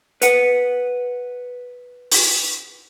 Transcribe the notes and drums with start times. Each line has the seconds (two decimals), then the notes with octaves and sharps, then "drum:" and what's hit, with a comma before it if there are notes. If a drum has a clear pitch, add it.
0.22 B4 F#5, drum: hi-hat
2.12 drum: open hi-hat